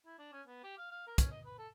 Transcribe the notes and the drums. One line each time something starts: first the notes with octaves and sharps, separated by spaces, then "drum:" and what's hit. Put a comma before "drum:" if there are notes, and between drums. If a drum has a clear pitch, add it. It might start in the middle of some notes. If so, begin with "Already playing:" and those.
E4
D4
C#4
B3
G4
F5
F5
A#4
C#4, drum: kick, hi-hat
D#5
B4
A4